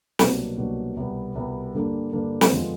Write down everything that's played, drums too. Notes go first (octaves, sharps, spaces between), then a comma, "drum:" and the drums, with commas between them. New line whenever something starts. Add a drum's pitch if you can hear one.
C2 B2 F#3 A#3 D4, drum: snare
C2 B2 F#3 A#3 D4
C2 B2 G3 B3
C2 B2 G3 B3
G2 D3 G3 A#3 D4
G2 D3 G3 A#3 D4
drum: snare
F2 D3 F3 G#3 B3